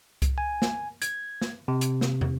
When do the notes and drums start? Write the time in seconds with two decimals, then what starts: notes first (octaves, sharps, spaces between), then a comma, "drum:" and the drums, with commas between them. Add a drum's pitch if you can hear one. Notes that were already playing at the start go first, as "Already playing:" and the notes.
0.22 drum: kick C2, hi-hat
0.38 G#5
0.62 drum: snare
1.02 G#6, drum: hi-hat
1.41 drum: snare
1.68 C3
1.81 drum: hi-hat
2.01 drum: snare
2.21 drum: tom